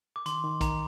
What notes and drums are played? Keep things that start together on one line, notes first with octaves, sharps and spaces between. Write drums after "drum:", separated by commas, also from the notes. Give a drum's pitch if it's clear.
D6
D#3 C6, drum: hi-hat
D#3
D#3 A#5, drum: kick A#1, hi-hat